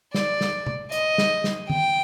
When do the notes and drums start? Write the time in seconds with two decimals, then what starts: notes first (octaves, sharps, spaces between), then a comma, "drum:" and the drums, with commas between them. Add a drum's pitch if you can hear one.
0.14 D5, drum: snare
0.41 drum: snare
0.67 drum: tom C3
0.92 D#5, drum: hi-hat
1.18 drum: snare
1.44 drum: snare
1.70 G5, drum: tom D#3